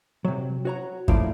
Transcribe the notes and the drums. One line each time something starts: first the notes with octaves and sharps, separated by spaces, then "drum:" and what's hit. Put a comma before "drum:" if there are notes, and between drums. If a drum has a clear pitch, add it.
C3 F#3
F#4 C#5 A#5
F3 A3 A#3 E4 F4 D5, drum: kick